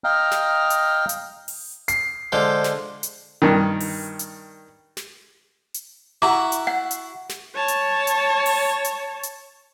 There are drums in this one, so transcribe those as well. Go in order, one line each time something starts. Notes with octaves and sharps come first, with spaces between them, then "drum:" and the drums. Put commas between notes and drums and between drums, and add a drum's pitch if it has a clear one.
D#5 F5 G5 A#5 F6
drum: snare
drum: hi-hat
drum: hi-hat
drum: open hi-hat
C7, drum: hi-hat
D3 F3 G#3 C5
drum: snare
drum: hi-hat
G2 D#3
drum: open hi-hat
drum: hi-hat
drum: snare
drum: hi-hat
E4 F#4 A#5 D6
drum: hi-hat
F#5
drum: hi-hat
drum: snare
C#5 A5
drum: hi-hat
drum: hi-hat
drum: open hi-hat
drum: hi-hat
drum: hi-hat